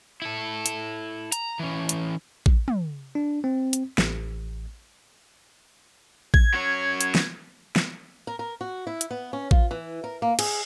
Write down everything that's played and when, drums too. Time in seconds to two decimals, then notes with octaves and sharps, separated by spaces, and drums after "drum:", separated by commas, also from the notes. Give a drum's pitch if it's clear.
0.22 E4 A4
0.66 drum: hi-hat
1.32 A#5, drum: hi-hat
1.59 E3 C#4
1.89 drum: hi-hat
2.46 drum: kick A1
2.68 drum: tom
3.15 D4
3.44 C4
3.73 drum: hi-hat
3.98 A1, drum: snare
6.34 G#6, drum: kick A1
6.54 F#3 C#4 C#5
7.01 drum: hi-hat
7.15 drum: snare
7.76 drum: snare
8.27 A#4
8.39 A#4
8.61 F#4
8.87 E4
9.01 drum: hi-hat
9.11 B3
9.33 C#4
9.51 F4, drum: kick A1
9.71 E3
10.04 A#4
10.22 A#3
10.39 G#4, drum: cymbal